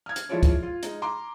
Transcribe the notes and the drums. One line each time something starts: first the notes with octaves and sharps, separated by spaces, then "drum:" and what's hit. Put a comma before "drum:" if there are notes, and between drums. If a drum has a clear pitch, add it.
F6 G#6
drum: hi-hat
F3 G#3 E4 F4 C#5 D5
drum: kick, hi-hat
F4
G#3 D#4, drum: hi-hat
A#5 C6 D6